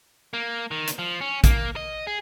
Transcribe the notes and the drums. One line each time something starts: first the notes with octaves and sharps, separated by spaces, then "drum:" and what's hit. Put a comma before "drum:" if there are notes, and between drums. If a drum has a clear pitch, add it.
A#3
D#3
drum: hi-hat
F3
C#4
A#3, drum: kick A#1, hi-hat
D#5
G#4